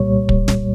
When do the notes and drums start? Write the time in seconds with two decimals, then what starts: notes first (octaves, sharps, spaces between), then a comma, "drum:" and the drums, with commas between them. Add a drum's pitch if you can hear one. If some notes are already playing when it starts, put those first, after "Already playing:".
Already playing: C2 A#2 G3 C#5
0.29 drum: kick
0.48 drum: snare